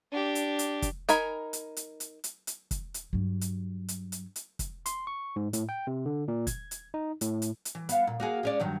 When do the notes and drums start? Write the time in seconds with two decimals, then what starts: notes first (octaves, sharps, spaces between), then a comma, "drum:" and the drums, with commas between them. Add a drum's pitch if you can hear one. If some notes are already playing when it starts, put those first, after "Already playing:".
0.12 D4 G4
0.35 drum: hi-hat
0.59 drum: hi-hat
0.82 drum: kick, hi-hat
1.09 D#4 A#4 G#5 B5, drum: hi-hat
1.53 drum: hi-hat
1.77 drum: hi-hat
2.00 drum: hi-hat
2.24 drum: hi-hat
2.47 drum: hi-hat
2.71 drum: kick, hi-hat
2.94 drum: hi-hat
3.13 G2 F#3
3.41 drum: hi-hat
3.88 drum: hi-hat
4.12 drum: hi-hat
4.36 drum: hi-hat
4.59 drum: kick, hi-hat
4.86 C6, drum: hi-hat
5.07 C#6
5.36 G#2
5.53 A2, drum: hi-hat
5.69 G5
5.87 C3
6.06 D3
6.28 A#2
6.47 G#6, drum: kick, hi-hat
6.71 drum: hi-hat
6.94 D#4
7.21 A2, drum: hi-hat
7.42 drum: hi-hat
7.65 drum: hi-hat
7.75 E3
7.89 B3 F5, drum: hi-hat
8.07 A#2
8.20 A#3 F#4 G#4
8.43 G#3 C#4 D5
8.60 G2 D#3 F#3